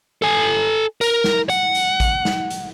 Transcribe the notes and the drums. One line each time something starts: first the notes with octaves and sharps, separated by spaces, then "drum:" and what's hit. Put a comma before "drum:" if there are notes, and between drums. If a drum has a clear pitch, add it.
A4 G#5
A#4, drum: hi-hat
drum: snare
F#5, drum: hi-hat
drum: hi-hat
drum: kick A1, hi-hat
drum: snare
drum: hi-hat